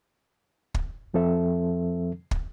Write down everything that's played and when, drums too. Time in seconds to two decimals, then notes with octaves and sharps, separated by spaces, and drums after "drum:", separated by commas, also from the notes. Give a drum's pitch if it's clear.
0.74 drum: kick
1.14 F2 F3 C4 A4 E5
2.31 drum: kick